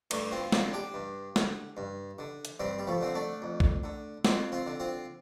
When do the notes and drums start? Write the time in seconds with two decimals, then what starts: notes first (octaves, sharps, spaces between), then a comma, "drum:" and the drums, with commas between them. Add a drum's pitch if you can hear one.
0.11 G2 A3 D4, drum: cymbal
0.31 C4 F4
0.52 D3 C4 F4, drum: snare
0.73 D4 G4
0.94 G2
1.36 D3, drum: snare
1.77 G2
2.19 D3
2.45 drum: hi-hat
2.60 G2 G3 C4
2.79 G3
2.87 F3 A3
3.01 D3 C4
3.14 A3 D4
3.42 F2
3.60 drum: kick B1
3.84 D3
4.25 F2 C4 F4, drum: snare
4.52 C4 F4
4.66 D3
4.80 C4 F4